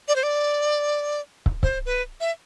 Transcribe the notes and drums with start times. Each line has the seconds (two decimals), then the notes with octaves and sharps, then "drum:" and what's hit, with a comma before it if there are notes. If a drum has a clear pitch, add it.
0.08 D5
0.16 C5
0.23 D5
1.46 drum: kick
1.63 C5, drum: kick
1.86 B4
2.20 E5